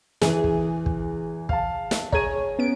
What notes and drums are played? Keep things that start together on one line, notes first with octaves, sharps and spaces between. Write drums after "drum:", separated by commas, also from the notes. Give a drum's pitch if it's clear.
E2 E3 G#4, drum: snare
drum: kick
drum: kick
F5 A5, drum: kick
drum: snare
G#4 C#5 A#5 G#6 D#7, drum: kick
B3 C#4 D7